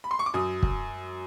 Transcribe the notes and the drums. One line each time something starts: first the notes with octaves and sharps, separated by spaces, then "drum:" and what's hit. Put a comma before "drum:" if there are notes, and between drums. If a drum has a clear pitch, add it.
B5
C6
C#6
D6
F#2 D#6
drum: kick